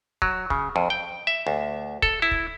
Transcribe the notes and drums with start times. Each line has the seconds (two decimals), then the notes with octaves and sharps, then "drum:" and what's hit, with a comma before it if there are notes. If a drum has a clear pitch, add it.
0.22 F#3, drum: kick
0.50 C#3, drum: kick
0.76 F2
0.90 G5
1.27 E5
1.47 D2
2.02 A4, drum: kick
2.22 E4
2.31 drum: kick